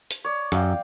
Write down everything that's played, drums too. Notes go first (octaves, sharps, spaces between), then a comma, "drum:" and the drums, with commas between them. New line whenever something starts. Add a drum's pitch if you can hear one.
drum: hi-hat
C#5 D5
F#2 D5 F5 G5, drum: rim click